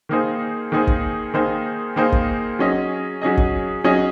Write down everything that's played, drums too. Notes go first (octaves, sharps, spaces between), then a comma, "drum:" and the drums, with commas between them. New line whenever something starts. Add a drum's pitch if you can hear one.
D#3 A#3 D#4 G#4 C5
D#3 A#3 D#4 G#4 C5
drum: kick
D#3 A#3 D#4 G#4 C5
D#3 A#3 D#4 G#4 C5
drum: kick
F#3 C#4 G#4 D#5
F#3 C#4 G#4 D#5
drum: kick
F#3 C#4 G#4 D#5